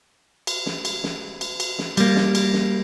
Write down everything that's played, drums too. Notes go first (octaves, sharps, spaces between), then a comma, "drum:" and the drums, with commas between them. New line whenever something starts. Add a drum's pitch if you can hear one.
drum: cymbal
drum: snare
drum: cymbal
drum: snare
drum: cymbal
drum: cymbal
drum: snare
G3 A#3, drum: cymbal
drum: snare
drum: cymbal
drum: snare